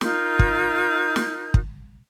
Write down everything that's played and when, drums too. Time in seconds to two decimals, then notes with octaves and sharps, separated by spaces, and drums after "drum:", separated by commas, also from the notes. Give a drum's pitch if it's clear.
0.01 D#4 F4 A#4 G6, drum: snare
0.39 drum: kick
1.16 drum: snare
1.54 drum: kick